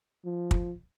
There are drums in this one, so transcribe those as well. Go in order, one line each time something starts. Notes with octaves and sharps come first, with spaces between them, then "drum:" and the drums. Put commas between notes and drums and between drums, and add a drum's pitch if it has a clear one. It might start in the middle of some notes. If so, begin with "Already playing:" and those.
F3
drum: kick